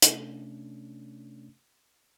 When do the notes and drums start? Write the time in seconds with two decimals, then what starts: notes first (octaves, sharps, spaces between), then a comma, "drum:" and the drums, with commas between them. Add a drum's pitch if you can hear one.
0.02 C3 A3 C#4 D4, drum: hi-hat